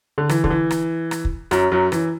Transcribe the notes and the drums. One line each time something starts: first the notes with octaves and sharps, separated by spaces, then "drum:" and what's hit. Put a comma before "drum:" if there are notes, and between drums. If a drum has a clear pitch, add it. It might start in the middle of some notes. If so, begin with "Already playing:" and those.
D3
E3, drum: rim click
D3, drum: kick
E3
drum: rim click
drum: rim click
drum: kick
F#2 F#3, drum: rim click
F#2 F#3
E3, drum: rim click